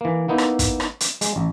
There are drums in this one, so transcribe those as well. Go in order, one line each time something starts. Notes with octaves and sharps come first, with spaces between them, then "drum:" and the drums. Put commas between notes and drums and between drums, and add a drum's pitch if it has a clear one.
E3 A#3
A#3 B3 D#4 E4
drum: rim click
drum: kick, hi-hat
drum: rim click
drum: hi-hat
G#3, drum: hi-hat
A1